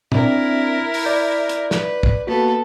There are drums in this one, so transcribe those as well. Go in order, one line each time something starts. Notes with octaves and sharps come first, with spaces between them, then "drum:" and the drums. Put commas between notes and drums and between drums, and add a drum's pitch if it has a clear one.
C4 D4 E4 A#4 D5, drum: tom
drum: open hi-hat
D5 G6 B6
drum: hi-hat
B4, drum: snare
drum: kick
A#3 B3 F#4 A4